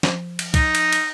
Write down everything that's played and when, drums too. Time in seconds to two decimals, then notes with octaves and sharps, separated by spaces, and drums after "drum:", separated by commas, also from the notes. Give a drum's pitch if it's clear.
0.03 F3, drum: snare
0.39 drum: cymbal
0.54 D#4, drum: kick, cymbal
0.75 drum: cymbal
0.93 drum: cymbal